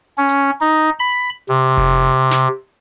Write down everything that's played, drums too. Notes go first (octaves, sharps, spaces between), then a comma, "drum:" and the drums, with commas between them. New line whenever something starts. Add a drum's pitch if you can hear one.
C#4
drum: hi-hat
D#4
B5
C3
drum: kick F1
drum: snare